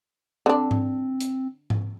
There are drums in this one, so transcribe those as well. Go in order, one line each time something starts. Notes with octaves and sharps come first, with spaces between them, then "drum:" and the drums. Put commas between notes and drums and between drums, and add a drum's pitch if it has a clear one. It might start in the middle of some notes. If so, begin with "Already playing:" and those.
D3 C4 D4
drum: tom G#2
drum: hi-hat
drum: tom G#2